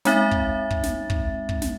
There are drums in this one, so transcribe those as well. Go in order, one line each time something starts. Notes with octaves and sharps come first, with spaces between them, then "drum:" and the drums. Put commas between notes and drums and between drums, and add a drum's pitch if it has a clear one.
G#3 C4 D#4 E5 A6, drum: snare
drum: kick
drum: kick
drum: snare
drum: kick
drum: kick
drum: snare